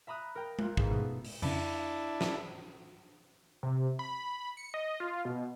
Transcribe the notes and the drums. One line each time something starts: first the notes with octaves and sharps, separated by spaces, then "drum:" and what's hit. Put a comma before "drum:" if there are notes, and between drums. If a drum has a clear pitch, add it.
E5 A#5 B5 D#6 F#6
A#4 G5 A#5
F4 F#6, drum: tom G#3
G#1 G#2 D#4 B4, drum: kick
B2 A3 B3
drum: open hi-hat
F2 C#3 D4 E4, drum: cymbal
drum: snare
C3
B5
C#7
D#5
F4
B2